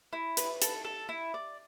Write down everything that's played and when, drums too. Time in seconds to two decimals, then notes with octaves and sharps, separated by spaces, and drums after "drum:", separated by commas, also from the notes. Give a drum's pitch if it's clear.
0.13 E4
0.37 B4, drum: hi-hat
0.62 A4, drum: hi-hat
0.85 A4
1.09 E4
1.34 D5